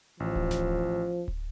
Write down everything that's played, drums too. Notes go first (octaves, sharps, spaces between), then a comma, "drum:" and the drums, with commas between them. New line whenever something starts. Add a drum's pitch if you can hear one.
A1 F3
drum: kick D1
drum: snare D#1
drum: kick D1